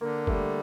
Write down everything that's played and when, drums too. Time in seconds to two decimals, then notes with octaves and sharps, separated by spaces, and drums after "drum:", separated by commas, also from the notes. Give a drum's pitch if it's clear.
0.01 D3 A#3
0.27 G3 A3, drum: kick F#1